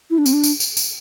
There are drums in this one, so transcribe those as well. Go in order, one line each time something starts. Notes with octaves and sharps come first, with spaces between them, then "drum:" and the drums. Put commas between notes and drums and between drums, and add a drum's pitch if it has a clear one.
E4
D4
C4, drum: tambourine
D4
drum: tambourine
drum: tambourine
drum: tambourine